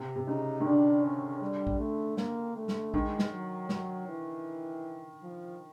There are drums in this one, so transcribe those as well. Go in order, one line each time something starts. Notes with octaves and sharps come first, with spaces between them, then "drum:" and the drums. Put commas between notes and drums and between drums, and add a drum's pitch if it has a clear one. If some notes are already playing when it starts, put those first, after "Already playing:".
Already playing: C3
C3
C#3 D#4
D#3
D3 D4
C#4
G3
drum: kick
A3
A#3, drum: snare
A3
drum: snare
D#3 G#3, drum: kick
drum: snare
F#3
F#3, drum: snare
E3
F3